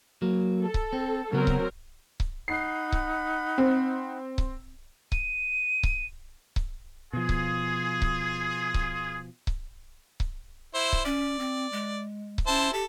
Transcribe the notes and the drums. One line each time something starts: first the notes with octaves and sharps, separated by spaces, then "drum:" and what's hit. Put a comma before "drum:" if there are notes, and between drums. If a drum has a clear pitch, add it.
F#3 A#3
A4
drum: kick C#1
C4
C#3 F#3 B3 C4 A#4
drum: kick C#1
drum: kick C#1
D#4 F#5 B5 C7
drum: kick C#1
C4
drum: kick C#1
D#7, drum: kick C#1
drum: kick C#1
drum: kick C#1
B2 F3 F4 G#4
drum: kick C#1
drum: kick C#1
drum: kick C#1
drum: kick C#1
drum: kick C#1
E4 C5
drum: kick C#1
C#4 D5
C4
G#3
drum: kick C#1
C#4 E4 C5 A5
G4 A4